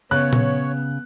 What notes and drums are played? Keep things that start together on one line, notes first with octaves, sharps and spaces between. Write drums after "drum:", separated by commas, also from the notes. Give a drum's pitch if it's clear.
C#3 B3 C#5 F#6
drum: tom A#2